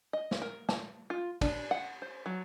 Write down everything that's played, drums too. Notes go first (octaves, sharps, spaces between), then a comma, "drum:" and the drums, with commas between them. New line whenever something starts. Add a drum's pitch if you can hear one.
D#5
drum: snare
A#4
A5, drum: snare
F4
D4, drum: kick, cymbal
F#5
C5
F#3